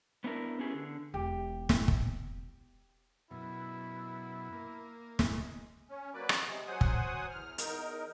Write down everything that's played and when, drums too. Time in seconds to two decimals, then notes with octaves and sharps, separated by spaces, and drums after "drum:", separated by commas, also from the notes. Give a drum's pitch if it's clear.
0.24 B3 D4 E4 A#4
0.59 B3 C#4 E4 G4 G#4
0.74 D3
1.14 E1 G4
1.69 drum: snare
1.88 drum: kick
3.31 F#2 B2 E4
4.53 A#3
5.19 G#3, drum: snare
5.90 C#4
6.14 F#3 A#3 B4 D5
6.29 drum: rim click
6.47 C3 G#3
6.67 F#3 C5 F#5 G#5 D#6
6.81 drum: kick
7.30 E2 F6
7.58 E2 D#4 A#4, drum: hi-hat